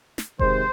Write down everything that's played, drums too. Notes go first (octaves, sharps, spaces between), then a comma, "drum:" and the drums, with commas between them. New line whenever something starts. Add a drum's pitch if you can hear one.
drum: snare
C3 D#3 G#3 C5, drum: kick F1